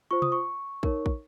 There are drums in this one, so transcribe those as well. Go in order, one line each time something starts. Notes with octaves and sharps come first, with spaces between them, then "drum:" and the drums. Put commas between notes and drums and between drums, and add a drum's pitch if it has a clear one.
F4 C5 C#6
D#6, drum: tom C3
C#6
D#4 A#4 C#5, drum: kick
drum: kick